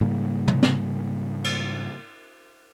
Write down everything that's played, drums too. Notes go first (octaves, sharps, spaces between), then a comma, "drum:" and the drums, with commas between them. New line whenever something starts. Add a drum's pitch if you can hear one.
G#2 C#3 G3 A#3
drum: tom
drum: snare
drum: cymbal